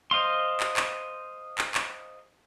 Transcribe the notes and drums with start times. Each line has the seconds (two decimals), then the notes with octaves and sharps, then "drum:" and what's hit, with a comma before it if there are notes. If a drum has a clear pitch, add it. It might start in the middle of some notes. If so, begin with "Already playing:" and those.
0.11 C5 D#5 F5 C6
0.60 drum: clap
0.77 drum: clap
1.58 drum: clap
1.75 drum: clap